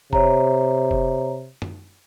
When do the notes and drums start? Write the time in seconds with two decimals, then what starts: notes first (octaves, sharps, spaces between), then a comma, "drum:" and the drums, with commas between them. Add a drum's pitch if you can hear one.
0.13 C3 C#5 A#5, drum: kick F1
0.91 drum: kick F1
1.62 drum: tom F#2